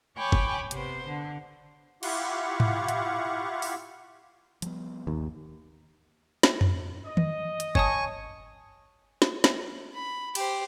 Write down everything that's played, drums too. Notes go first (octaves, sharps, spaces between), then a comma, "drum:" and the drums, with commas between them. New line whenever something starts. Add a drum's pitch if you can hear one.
C#5 G5 G#5 B5 C#6 D6
drum: kick
C3 B3 C5, drum: hi-hat
D3
E4 F4 G4 F5 F#5 C#6, drum: cymbal
drum: tom G#2
drum: hi-hat
drum: open hi-hat
F3 G3 B3, drum: hi-hat
D1 G1 D#2 D#3
drum: snare
drum: tom F2
D#5
drum: tom D#3
drum: hi-hat
C#5 G#5 A5 C#6 D#6, drum: kick
drum: snare
drum: snare
B5
G4 C5, drum: cymbal